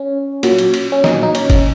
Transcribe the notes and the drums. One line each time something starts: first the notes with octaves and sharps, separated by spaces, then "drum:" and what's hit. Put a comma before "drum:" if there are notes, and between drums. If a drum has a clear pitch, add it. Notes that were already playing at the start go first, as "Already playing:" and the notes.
Already playing: C#4
A#2 F#3, drum: cymbal
drum: cymbal
drum: cymbal
C#4
A#2 F#3 D#4, drum: snare
D#4
C#4, drum: cymbal
drum: kick, cymbal